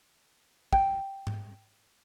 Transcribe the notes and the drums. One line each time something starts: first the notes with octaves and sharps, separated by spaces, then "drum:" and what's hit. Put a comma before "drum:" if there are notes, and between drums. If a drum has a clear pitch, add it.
G5, drum: kick
drum: tom G#2